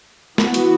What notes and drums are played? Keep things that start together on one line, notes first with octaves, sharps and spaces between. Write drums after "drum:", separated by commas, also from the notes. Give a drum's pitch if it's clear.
E3 B3 F#4, drum: snare
drum: hi-hat